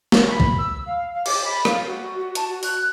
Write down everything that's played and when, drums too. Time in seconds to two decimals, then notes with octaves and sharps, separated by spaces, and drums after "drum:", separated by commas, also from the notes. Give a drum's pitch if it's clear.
0.12 drum: snare
0.29 B5
0.40 drum: kick
0.58 E6
0.86 F5
1.13 F5
1.26 D6, drum: cymbal
1.44 B5
1.65 F5, drum: rim click
1.86 F#4
2.18 F#4
2.35 A5, drum: hi-hat
2.48 F#4
2.63 F#6, drum: open hi-hat